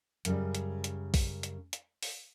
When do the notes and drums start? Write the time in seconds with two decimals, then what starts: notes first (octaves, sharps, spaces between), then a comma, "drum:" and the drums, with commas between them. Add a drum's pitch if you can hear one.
0.25 F#2 C#3 G3, drum: hi-hat
0.55 drum: hi-hat
0.84 drum: hi-hat
1.14 drum: kick A#1, open hi-hat
1.43 drum: hi-hat
1.73 drum: hi-hat
2.03 drum: open hi-hat